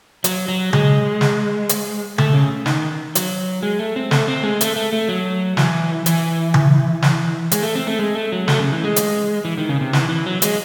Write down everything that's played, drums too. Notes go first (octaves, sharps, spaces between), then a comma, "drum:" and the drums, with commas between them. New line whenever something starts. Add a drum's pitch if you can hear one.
F#3, drum: hi-hat
F#3
G#3, drum: tom C#3
drum: snare
drum: hi-hat
A3, drum: tom C#3
C#3
D#3, drum: snare
F#3, drum: hi-hat
G#3
A3
C4
A3, drum: snare
C4
G#3
A3, drum: hi-hat
A3
A3
F#3
E3, drum: snare
E3, drum: hi-hat
drum: tom C#3
drum: snare
G#3, drum: hi-hat
A3
C4
A3
G#3
A3
F#3
A3, drum: snare
C#3
E3
G#3
drum: hi-hat
E3
D#3
C#3
C3
E3, drum: snare
E3
F#3
G#3, drum: hi-hat